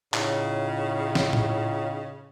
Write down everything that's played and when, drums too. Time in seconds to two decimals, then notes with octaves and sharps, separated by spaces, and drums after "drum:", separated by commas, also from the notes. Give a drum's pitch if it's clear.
0.14 A2 C#3 D#4 F4 C#5, drum: clap
1.15 drum: snare
1.33 drum: tom A2